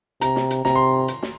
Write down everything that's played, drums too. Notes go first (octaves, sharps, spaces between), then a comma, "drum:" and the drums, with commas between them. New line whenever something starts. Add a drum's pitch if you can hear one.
C3 A#5, drum: hi-hat
drum: snare
drum: hi-hat
C3 A#5, drum: snare
C6
drum: hi-hat
drum: snare